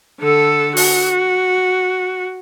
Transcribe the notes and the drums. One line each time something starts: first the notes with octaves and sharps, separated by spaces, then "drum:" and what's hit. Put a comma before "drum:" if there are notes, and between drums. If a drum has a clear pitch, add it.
D3 A4
F#4, drum: open hi-hat